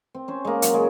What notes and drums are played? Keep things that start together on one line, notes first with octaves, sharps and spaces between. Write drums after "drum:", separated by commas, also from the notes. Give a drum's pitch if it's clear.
C4
C#4 C5
G#3 A#3
F#3 D#4, drum: hi-hat
C#3 G#3